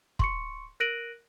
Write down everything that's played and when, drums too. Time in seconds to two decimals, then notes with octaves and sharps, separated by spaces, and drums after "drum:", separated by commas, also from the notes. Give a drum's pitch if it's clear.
0.19 C6 C#6 C#7, drum: kick
0.80 A#4 F#6 A#6 D7 D#7 F#7